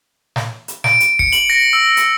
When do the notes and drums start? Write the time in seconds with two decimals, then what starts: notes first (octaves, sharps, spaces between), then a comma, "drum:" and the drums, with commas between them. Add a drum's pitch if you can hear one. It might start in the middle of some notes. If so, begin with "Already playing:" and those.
0.36 drum: snare
0.68 drum: hi-hat
0.84 D7, drum: snare
1.00 drum: hi-hat
1.19 C#7, drum: kick
1.32 F#7, drum: hi-hat
1.50 A#6
1.73 E6
1.97 drum: hi-hat